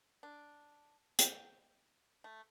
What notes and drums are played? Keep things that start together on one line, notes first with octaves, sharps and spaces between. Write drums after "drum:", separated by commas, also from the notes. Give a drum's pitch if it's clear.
D4
G5, drum: hi-hat
A3